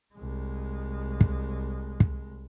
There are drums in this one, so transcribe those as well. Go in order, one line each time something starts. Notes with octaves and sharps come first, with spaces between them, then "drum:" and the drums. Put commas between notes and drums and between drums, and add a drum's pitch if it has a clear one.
C2 G#3
drum: kick
drum: kick